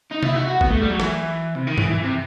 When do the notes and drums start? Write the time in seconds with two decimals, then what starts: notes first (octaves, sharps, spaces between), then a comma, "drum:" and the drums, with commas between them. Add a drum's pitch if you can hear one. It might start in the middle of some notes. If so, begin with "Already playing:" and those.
0.11 D#4
0.23 E4, drum: tom C3
0.35 F#4
0.47 F#4
0.61 B3, drum: kick G1
0.70 A3
0.81 G3
0.90 F#3
1.00 E3, drum: rim click
1.55 C3
1.67 D#3
1.78 E3, drum: tom G2
1.91 E3
2.03 C3